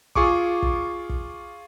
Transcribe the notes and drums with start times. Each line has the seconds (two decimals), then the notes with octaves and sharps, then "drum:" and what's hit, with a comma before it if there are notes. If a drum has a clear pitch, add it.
0.15 F4 G#4 C#6 D6, drum: kick
0.62 drum: kick
1.09 drum: kick